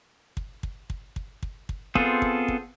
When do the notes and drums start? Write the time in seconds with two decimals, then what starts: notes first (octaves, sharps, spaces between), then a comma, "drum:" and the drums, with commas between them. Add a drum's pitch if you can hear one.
0.37 drum: kick
0.63 drum: kick
0.90 drum: kick
1.16 drum: kick
1.43 drum: kick
1.69 drum: kick
1.95 B3 C4 F4 G#4 A4, drum: kick
2.22 drum: kick
2.48 drum: kick